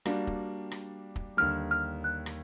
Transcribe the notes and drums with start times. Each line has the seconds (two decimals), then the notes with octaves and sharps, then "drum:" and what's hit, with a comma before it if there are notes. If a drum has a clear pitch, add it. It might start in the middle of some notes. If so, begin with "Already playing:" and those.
0.06 G3 A#3 D4 F#4, drum: rim click
0.27 drum: kick
0.71 drum: rim click
1.16 drum: kick
1.37 D#2 D3 G3 F6
1.71 F6
2.04 F#6
2.26 drum: rim click